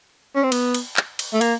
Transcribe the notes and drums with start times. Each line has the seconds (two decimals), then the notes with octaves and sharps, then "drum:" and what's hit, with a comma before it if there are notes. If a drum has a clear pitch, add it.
0.36 C#4
0.44 C4
0.52 B3, drum: cymbal
0.74 drum: cymbal
0.97 drum: clap
1.19 drum: cymbal
1.34 A3
1.41 A#3, drum: cymbal